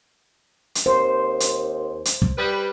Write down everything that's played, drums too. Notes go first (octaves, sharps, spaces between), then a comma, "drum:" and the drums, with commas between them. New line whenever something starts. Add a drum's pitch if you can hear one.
drum: hi-hat
D#2 C5
drum: hi-hat
drum: hi-hat
drum: kick
G3 B4